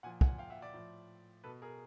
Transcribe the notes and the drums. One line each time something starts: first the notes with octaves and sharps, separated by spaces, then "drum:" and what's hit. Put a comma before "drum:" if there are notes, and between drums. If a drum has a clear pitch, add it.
A#2 F3 F#5 G#5
F#5 G#5, drum: kick
F5 G5
E5 F#5
D5 E5
A2 F3
B2 A4 B4
G#4 A#4